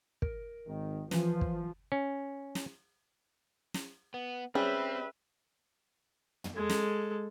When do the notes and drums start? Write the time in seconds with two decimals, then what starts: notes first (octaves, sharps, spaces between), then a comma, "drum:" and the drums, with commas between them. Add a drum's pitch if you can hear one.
0.22 A#4, drum: kick
0.67 G#1 D#3
1.11 E3 F3 F4 B4, drum: snare
1.41 drum: kick
1.92 C#4
2.55 drum: snare
3.74 drum: snare
4.14 B3
4.55 G3 C4 C#4 G#4 B4 E5
6.44 drum: tom
6.56 G#3 A4
6.70 drum: snare